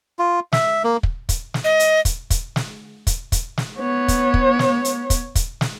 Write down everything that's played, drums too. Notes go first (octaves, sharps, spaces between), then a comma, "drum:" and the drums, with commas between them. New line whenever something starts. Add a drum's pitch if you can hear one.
F4
E5, drum: snare
A#3
drum: kick
drum: kick, hi-hat
drum: snare
D#5
drum: hi-hat
drum: kick, hi-hat
drum: kick, hi-hat
drum: snare
drum: kick, hi-hat
drum: kick, hi-hat
drum: snare
B3 C#5
drum: kick, hi-hat
drum: kick
drum: snare
drum: hi-hat
drum: kick, hi-hat
drum: kick, hi-hat
drum: snare